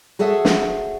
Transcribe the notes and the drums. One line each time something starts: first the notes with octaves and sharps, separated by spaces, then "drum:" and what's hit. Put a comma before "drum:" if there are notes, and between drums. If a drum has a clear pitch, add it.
F#4 G#4 A4 C#5 E5 F#5
drum: snare